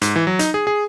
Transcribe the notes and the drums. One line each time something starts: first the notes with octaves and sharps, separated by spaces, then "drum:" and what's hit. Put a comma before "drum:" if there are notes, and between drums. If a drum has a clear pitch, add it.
G#2, drum: hi-hat
E3
F#3
D#4, drum: hi-hat
G#4
G#4